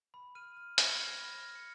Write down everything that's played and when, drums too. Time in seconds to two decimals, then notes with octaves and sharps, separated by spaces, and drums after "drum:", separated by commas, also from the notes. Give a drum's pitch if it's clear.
0.14 B5
0.35 F6 D#7
0.57 F6
0.78 B5 G#6, drum: hi-hat
0.99 F6
1.07 A#6
1.21 B5
1.35 A#6
1.42 F6
1.55 C#7